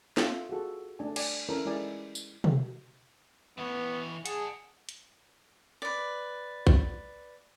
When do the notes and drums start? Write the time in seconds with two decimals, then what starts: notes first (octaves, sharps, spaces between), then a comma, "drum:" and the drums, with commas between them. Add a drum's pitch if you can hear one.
0.17 F4 A4 C#5 E5, drum: snare
0.49 F#4 G#4 A4
0.99 A3 D4 G#5
1.16 D5 G#5, drum: cymbal
1.49 C#4 E4 A4 A#4
1.65 G#3 E4 D5 G#5
2.15 drum: tambourine
2.44 drum: tom
3.58 E3 B3 C#5
4.26 G#4 F#5 A5, drum: hi-hat
4.89 drum: hi-hat
5.82 B4 D5
6.67 drum: kick A#1